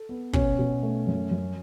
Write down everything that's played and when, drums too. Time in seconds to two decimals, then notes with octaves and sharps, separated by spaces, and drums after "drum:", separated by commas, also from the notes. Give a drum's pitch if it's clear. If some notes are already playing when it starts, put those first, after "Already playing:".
Already playing: A4
0.09 B3
0.33 B2 C#4, drum: kick
0.59 B2
0.83 A3
1.07 F#2
1.31 F#2